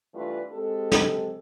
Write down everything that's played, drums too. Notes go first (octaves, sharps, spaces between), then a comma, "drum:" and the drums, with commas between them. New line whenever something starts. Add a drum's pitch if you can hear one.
E3 G3 A3 D4 F4 B4
G#3 C4 G4 A4
drum: snare